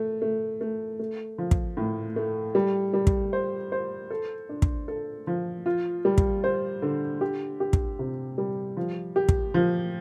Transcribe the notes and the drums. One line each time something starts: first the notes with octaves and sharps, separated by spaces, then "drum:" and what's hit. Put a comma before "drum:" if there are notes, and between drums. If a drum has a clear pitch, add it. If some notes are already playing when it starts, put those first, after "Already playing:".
Already playing: A3
A3
A3
A3
F3
drum: kick
A2
A3
G3
G3
drum: kick
C5
C5
A4
D4
drum: kick
A4
F3
F4
G3
drum: kick
C5
D3
G4
G4
drum: kick
C3
G3
F3
G4
drum: kick
F3